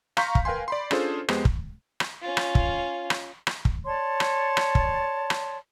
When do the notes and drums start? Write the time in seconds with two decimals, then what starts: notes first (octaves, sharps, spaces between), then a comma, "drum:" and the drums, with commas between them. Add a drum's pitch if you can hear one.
0.17 F5 A#5 C6 C#6 G6 B6, drum: rim click
0.35 drum: kick
0.45 A#4 B4 F5 G5 G#5 C6
0.68 D5 B5 C6
0.91 C#4 D4 F4 G#4 A4 C5, drum: rim click
1.28 F2 G#3 B3 G4 C5, drum: rim click
1.45 drum: kick
2.00 drum: rim click
2.22 C#4 F4
2.37 drum: rim click
2.55 drum: kick
3.10 drum: rim click
3.47 drum: rim click
3.65 drum: kick
3.86 C#5 D5 A5 C6
4.20 drum: rim click
4.57 drum: rim click
4.75 drum: kick
5.30 drum: rim click